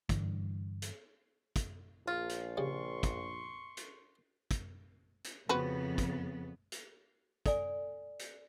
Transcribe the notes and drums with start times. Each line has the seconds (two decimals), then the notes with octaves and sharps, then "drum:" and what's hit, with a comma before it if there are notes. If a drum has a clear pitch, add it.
0.09 G2 D3 E3 G3, drum: kick, hi-hat
0.82 drum: hi-hat
1.56 drum: kick, hi-hat
2.07 A#1 F4
2.29 drum: hi-hat
2.57 C#3 G3 C6 C#6
3.03 drum: kick, hi-hat
3.77 drum: hi-hat
4.51 drum: kick, hi-hat
5.24 drum: hi-hat
5.49 F2 C#3 B3 C4 F#4 B4
5.98 drum: kick, hi-hat
6.72 drum: hi-hat
7.46 A4 D5 G#5, drum: kick, hi-hat
8.19 drum: hi-hat